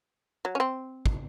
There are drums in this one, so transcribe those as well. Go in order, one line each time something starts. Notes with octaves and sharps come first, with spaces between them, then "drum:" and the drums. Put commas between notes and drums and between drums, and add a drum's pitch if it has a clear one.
F#3
C#4
C4
drum: kick